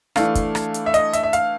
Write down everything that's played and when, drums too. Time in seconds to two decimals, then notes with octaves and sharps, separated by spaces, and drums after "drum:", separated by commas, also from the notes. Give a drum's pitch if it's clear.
0.16 E3 A3 D4 F5, drum: rim click
0.35 drum: kick, hi-hat
0.55 drum: rim click
0.74 drum: hi-hat
0.86 E5
0.94 D#5, drum: hi-hat
1.13 E5, drum: hi-hat
1.23 E5
1.33 F5, drum: hi-hat